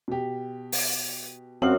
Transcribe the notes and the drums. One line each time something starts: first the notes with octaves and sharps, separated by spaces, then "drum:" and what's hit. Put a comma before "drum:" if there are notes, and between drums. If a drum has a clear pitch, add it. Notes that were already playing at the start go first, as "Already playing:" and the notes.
B2 G4
drum: open hi-hat
F#2 C4 F#4 F5 F#7